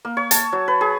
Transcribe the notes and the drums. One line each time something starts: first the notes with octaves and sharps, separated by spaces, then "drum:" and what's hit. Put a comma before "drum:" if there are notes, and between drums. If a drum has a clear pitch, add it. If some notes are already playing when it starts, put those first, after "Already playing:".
A#3
C#5
A5, drum: hi-hat
F#3
B4
G#4